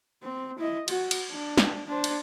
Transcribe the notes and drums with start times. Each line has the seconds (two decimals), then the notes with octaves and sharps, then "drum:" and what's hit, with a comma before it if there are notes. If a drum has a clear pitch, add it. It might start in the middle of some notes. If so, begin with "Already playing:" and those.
0.23 C4
0.59 E4 D#5
0.88 F#4, drum: cymbal
1.11 drum: cymbal
1.31 D4
1.57 drum: snare
1.87 D4 C5
2.04 drum: cymbal